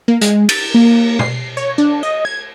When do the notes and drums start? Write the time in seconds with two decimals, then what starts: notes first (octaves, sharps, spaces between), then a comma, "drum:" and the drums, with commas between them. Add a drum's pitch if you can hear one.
0.08 A#3
0.21 G#3, drum: hi-hat
0.49 A6, drum: cymbal
0.74 A#3
1.19 C7, drum: tom B2
1.57 C#5
1.78 D4
2.03 D#5
2.25 G#6